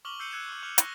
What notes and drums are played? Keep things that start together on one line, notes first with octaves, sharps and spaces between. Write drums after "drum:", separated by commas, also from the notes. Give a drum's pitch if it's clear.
C#6 D6 F6 F#7 G7
E6 G6 C7 C#7 D#7 F#7
E6 F#6 G#6 C#7 E7
C#6 F6
D6 F6 F#6 F7
C#6 E6 F#6 A#6, drum: hi-hat